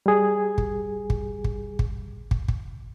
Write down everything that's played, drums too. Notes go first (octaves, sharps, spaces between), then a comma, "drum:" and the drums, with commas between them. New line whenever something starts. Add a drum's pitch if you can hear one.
G3 G#4
drum: kick
drum: kick
drum: kick
drum: kick
drum: kick
drum: kick